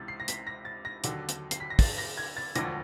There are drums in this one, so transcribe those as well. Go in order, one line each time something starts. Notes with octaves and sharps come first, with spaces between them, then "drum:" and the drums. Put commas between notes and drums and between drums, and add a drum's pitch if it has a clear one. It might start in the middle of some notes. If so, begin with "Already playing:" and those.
Already playing: C#2 C3 E3 A6
C7
A#6
B6, drum: hi-hat
A#6
A6
A#6
D#2 D3 F#3, drum: hi-hat
drum: hi-hat
C7, drum: hi-hat
B6
A#6
A6, drum: kick, open hi-hat
A#6
G#6
A6
E1 D2 D3 F3 A#6, drum: hi-hat